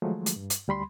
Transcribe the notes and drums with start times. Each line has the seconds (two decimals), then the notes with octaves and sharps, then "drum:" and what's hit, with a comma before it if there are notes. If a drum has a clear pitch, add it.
0.02 D#3 F3 F#3 G#3 A3
0.26 drum: hi-hat
0.36 G2
0.50 drum: hi-hat
0.68 D2 G3 B5 C6